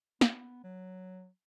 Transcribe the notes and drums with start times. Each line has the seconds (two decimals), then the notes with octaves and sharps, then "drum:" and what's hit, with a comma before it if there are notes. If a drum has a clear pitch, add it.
0.21 B3, drum: snare
0.64 F#3